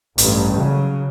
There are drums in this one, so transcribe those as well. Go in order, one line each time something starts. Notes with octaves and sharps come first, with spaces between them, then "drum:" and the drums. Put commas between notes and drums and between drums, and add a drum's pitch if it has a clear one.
A1 G2, drum: hi-hat
C#3 F#3